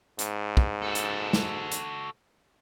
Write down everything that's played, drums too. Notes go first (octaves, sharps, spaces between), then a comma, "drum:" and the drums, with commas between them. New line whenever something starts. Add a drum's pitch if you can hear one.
G#2, drum: hi-hat
drum: kick
F#4 A4
drum: hi-hat
drum: snare
drum: hi-hat